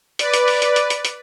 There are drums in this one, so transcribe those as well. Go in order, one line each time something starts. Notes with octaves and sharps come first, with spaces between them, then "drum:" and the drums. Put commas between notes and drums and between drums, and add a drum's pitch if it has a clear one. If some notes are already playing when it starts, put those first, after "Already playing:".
B4 D5, drum: hi-hat
drum: hi-hat
drum: open hi-hat
drum: hi-hat
drum: hi-hat
drum: hi-hat
drum: hi-hat